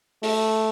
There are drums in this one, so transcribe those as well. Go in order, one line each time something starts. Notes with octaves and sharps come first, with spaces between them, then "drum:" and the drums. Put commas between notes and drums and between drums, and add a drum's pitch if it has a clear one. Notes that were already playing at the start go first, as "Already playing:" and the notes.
A3, drum: open hi-hat